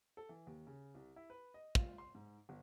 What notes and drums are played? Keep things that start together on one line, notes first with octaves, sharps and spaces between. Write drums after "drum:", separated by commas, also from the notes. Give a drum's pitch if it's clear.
A4
E3
D#2
C#3
C2
E4
B4
D#5
F4, drum: kick
C6
G#2
G1